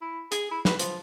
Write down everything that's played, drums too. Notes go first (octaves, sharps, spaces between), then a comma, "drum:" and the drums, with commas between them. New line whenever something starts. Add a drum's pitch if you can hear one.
E4
G#4, drum: hi-hat
E4
B4, drum: snare
F3, drum: hi-hat